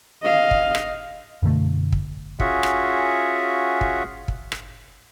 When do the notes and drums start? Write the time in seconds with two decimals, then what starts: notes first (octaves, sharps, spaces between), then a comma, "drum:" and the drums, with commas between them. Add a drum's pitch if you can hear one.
0.23 D#5 F5
0.51 drum: kick
0.75 drum: rim click
1.42 F#2 B2 D3 A3
1.92 drum: kick
2.40 C#4 F4 F#4 G#4 E5 F#5, drum: kick
2.63 drum: rim click
3.81 drum: kick
4.28 drum: kick
4.52 drum: rim click